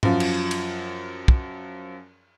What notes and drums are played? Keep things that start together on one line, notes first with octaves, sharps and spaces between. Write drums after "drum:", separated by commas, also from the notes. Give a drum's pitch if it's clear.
F#2 F3, drum: tom G#2
drum: cymbal
drum: cymbal
drum: kick